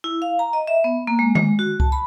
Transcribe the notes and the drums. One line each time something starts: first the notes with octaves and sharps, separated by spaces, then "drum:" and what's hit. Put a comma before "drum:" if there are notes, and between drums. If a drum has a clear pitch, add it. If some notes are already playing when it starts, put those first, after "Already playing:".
E4
F5
A#5
D#5
E5
B3
A#3
G#3
G#3, drum: tom D#3
F#4
A5, drum: kick C2
B5